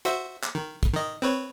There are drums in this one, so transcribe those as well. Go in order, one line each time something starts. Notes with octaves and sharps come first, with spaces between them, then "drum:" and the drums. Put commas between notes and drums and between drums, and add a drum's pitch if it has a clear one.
F#4 C5 E5, drum: hi-hat
drum: clap
D#3
drum: kick, hi-hat
D#3 D#5
C4 B4 C#5